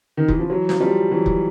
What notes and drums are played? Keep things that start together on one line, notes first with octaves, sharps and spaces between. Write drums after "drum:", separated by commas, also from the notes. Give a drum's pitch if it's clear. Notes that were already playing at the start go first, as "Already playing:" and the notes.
D#3
E3, drum: kick F1
F3
E3 F#3
F#3, drum: snare
F3 G3
E3 F#3
drum: kick F1